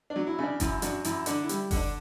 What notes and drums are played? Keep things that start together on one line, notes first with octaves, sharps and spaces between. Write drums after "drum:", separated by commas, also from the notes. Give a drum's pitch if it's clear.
D4
F#3
E4
C#3 D4
F#2 E4, drum: kick F#1, hi-hat
F#2 D4 F#4, drum: hi-hat
F#2 E4, drum: hi-hat
D3 D4, drum: hi-hat
E4
G3, drum: hi-hat
D3, drum: kick F#1, open hi-hat
D4